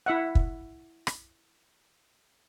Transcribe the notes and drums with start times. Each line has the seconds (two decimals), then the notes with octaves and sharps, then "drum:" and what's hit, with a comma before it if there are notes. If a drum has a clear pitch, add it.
0.06 E4 E5 F#5
0.35 drum: kick
1.07 drum: rim click